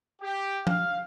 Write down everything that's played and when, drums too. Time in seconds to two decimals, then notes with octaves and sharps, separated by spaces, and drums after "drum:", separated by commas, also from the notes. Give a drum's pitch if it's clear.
0.22 G4
0.67 F5, drum: tom